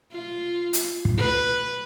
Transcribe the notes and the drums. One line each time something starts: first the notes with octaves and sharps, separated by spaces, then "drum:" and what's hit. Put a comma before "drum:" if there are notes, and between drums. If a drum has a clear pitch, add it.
F4
drum: hi-hat
drum: kick
B4